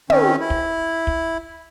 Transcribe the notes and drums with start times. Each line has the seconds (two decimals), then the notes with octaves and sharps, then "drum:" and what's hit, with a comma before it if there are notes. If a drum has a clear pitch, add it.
0.10 D#3 C4 C#4, drum: tom
0.40 E4
0.50 drum: kick
1.07 drum: kick